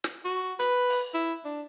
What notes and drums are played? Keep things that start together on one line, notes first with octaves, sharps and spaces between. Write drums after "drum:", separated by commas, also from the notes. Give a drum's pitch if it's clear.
drum: snare
F#4
B4, drum: hi-hat
drum: open hi-hat
E4
D4